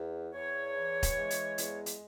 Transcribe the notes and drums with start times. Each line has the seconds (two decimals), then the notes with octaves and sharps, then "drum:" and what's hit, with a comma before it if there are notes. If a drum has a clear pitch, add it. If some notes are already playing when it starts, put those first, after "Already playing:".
Already playing: E2
0.33 E2 C#5
0.74 E3
1.03 drum: kick, hi-hat
1.17 G#3
1.30 drum: hi-hat
1.58 E2, drum: hi-hat
1.86 drum: hi-hat